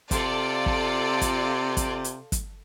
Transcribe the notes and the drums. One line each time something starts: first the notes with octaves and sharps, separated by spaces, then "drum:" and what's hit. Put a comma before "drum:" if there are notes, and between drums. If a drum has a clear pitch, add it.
C3 F4 A4 D5, drum: kick, hi-hat
drum: kick
drum: kick, hi-hat
drum: kick, hi-hat
drum: hi-hat
drum: kick, hi-hat